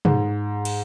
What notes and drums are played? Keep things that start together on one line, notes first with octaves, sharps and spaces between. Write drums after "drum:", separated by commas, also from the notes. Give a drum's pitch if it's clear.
G#2, drum: tom
drum: cymbal